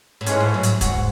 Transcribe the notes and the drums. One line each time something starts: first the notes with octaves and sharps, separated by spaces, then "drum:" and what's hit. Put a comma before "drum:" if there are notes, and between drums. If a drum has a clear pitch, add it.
A2
G#2 E3 G#3 C#4, drum: hi-hat
A2
F#3
drum: hi-hat
G#2 F#4, drum: kick, hi-hat